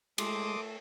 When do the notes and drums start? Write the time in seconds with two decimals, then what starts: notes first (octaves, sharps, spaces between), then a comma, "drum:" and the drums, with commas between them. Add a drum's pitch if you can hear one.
0.18 G#3 A3 C6 D6 D#6, drum: cymbal